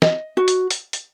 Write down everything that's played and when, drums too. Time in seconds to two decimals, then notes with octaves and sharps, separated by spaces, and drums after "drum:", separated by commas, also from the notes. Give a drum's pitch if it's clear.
0.02 D#5, drum: snare
0.37 F#4
0.48 drum: hi-hat
0.70 drum: hi-hat
0.93 drum: hi-hat